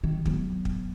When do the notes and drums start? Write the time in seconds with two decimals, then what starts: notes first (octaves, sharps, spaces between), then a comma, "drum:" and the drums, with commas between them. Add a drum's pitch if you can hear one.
0.04 D#3
0.25 F#3 B3, drum: kick
0.65 drum: kick